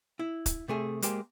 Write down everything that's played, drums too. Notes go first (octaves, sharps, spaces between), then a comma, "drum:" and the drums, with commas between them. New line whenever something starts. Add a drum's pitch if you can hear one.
E4
drum: kick, hi-hat
C3 A3 G#4
G#3 A#3 G4 C5, drum: hi-hat